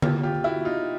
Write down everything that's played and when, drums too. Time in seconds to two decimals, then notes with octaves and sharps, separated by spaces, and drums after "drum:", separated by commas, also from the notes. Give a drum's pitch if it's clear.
0.02 F4 G4, drum: tom D3
0.23 F4 G4
0.44 E4 F#4
0.65 D#4 F4